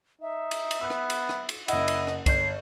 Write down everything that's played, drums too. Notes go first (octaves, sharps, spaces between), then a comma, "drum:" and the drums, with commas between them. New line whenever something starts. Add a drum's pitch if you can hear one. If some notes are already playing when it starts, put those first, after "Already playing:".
D#4 E5
drum: cymbal
drum: cymbal
B3 E6 F#6
drum: rim click
drum: cymbal
drum: rim click
drum: cymbal
F#1 E4 D#5 F#5, drum: cymbal
drum: cymbal
drum: rim click
G1 C#5 G6 C7, drum: kick, cymbal